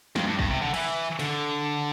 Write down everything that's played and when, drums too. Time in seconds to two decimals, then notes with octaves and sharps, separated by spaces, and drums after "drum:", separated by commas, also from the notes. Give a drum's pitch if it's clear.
0.16 F2, drum: snare
0.27 G2
0.39 G2, drum: kick
0.50 C3
0.62 D3
0.74 E3, drum: cymbal
1.19 D3, drum: cymbal